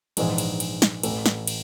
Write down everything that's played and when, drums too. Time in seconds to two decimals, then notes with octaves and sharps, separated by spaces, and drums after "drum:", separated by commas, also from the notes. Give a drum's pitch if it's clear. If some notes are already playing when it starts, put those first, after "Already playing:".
0.17 A#1 G#2 E3 G#3, drum: cymbal
0.38 drum: cymbal
0.60 drum: cymbal
0.82 drum: snare
1.03 A1 A2 E3, drum: cymbal
1.26 drum: snare
1.47 drum: cymbal